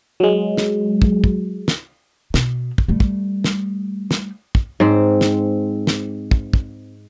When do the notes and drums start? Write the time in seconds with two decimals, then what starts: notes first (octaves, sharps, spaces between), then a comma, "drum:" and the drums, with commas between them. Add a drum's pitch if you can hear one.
0.20 F#3 G#3
0.57 drum: snare
1.02 drum: kick
1.24 drum: kick
1.68 drum: snare
2.34 B2, drum: snare
2.78 drum: kick
2.88 G3 A3
3.00 drum: kick
3.44 drum: snare
4.11 drum: snare
4.55 drum: kick
4.80 G#2 C4
5.21 drum: snare
5.87 drum: snare
6.31 drum: kick
6.53 drum: kick